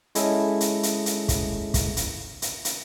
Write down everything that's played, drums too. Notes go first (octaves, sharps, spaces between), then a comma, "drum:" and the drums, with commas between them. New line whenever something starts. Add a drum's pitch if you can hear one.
G#3 C#4 E4 G#4 A4 D#5, drum: hi-hat
drum: hi-hat
drum: hi-hat
drum: hi-hat
drum: kick, hi-hat
drum: kick, hi-hat
drum: hi-hat
drum: hi-hat
drum: hi-hat